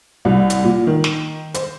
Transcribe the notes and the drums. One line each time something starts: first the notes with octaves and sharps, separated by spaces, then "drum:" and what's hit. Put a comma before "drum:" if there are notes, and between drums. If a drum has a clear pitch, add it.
C2
drum: hi-hat
A#2
D#3
drum: snare
C5, drum: hi-hat